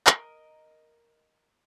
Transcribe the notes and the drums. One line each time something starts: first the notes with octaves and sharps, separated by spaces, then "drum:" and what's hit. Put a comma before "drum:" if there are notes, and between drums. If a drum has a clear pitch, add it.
A#4 D#5, drum: clap